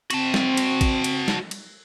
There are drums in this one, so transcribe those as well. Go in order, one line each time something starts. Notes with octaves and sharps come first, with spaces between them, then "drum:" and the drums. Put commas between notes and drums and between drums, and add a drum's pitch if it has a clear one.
C4 F#4 A5, drum: cymbal
drum: snare
drum: cymbal
drum: kick, cymbal
drum: cymbal
drum: snare
drum: cymbal